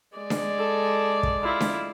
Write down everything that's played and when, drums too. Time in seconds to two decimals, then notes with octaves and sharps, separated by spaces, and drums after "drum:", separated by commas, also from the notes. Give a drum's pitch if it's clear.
0.17 G#3 D5
0.30 drum: snare D4
0.59 A4
1.23 drum: kick
1.42 E4 F4
1.60 drum: snare D4